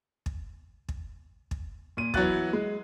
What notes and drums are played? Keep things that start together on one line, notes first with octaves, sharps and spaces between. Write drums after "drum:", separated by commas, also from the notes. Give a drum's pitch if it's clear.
drum: kick
drum: kick
drum: kick
A#2 D#7
E3 F#3 B3 F#4 F#6 A6, drum: kick
G#3